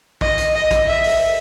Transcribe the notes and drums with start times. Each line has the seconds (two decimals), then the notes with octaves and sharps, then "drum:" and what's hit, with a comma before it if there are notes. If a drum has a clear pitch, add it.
0.21 D#5, drum: kick
0.38 drum: hi-hat
0.55 D#5
0.71 drum: kick, hi-hat
0.87 E5
1.04 drum: open hi-hat